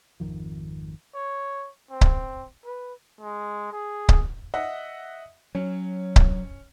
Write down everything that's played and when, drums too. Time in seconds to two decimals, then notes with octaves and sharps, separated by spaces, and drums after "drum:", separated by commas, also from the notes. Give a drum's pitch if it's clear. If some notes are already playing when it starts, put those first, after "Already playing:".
0.20 G#1 F2 D#3 F3
1.15 C#5
1.91 C4
2.01 drum: kick C#1
2.65 B4
3.21 G#3
3.72 G#4
4.09 drum: kick C#1
4.54 D#5 E5 F#5
5.55 F#3 C#4
6.16 drum: kick C#1